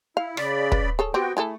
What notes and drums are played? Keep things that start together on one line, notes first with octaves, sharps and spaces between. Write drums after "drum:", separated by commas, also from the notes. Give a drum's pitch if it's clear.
E4 F5
C#3 D5 B5, drum: rim click
B4, drum: kick
G#4 A4 C#5
B3 C4 F#4 G4 G5
A3 E4 G#4 A4